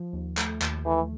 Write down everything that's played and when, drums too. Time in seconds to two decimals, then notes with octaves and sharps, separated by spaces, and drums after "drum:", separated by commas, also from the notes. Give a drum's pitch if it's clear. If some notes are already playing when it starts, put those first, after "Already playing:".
Already playing: F3
0.13 D#2
0.37 A3, drum: clap
0.62 D#2, drum: clap
0.86 E3 A3